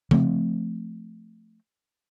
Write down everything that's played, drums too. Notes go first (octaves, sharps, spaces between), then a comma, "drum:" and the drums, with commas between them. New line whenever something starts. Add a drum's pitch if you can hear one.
F3 A3 C4, drum: tom C#3